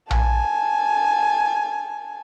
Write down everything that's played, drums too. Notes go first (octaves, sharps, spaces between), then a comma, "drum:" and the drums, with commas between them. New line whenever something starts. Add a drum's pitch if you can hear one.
G#5 A5, drum: tom A#1